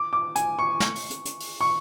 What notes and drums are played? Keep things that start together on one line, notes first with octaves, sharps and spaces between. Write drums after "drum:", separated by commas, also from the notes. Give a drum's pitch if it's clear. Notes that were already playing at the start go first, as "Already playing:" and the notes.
Already playing: D6
D6
G#5, drum: hi-hat
C#6
drum: snare
drum: open hi-hat
drum: hi-hat
drum: hi-hat
drum: open hi-hat
C#6